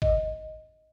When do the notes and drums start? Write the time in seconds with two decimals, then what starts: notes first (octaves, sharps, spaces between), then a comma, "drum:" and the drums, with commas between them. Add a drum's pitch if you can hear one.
0.02 D#5, drum: kick